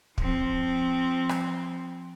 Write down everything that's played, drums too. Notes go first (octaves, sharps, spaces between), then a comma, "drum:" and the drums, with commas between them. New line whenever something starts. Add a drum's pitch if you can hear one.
F3 C4, drum: kick
drum: rim click